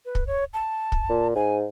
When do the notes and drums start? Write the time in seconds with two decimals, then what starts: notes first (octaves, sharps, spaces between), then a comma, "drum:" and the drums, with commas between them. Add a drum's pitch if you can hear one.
0.06 B4
0.15 drum: kick
0.27 C#5
0.53 A5
0.92 drum: kick
1.09 A#2
1.35 G#2 G#5